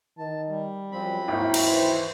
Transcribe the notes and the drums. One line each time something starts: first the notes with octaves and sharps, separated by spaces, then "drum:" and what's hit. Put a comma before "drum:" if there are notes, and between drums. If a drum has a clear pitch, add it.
D#3 A5
G3
F#2 F3 C4 B5
G#1 D#2 E4 A#4 F5
drum: cymbal
E3 C5